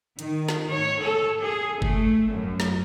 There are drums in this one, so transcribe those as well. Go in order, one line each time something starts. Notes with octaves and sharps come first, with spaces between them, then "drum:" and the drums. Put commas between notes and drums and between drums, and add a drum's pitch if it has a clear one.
D#3, drum: hi-hat
drum: snare
C#5
A4
G#4
A3, drum: kick F#1
F#2
drum: snare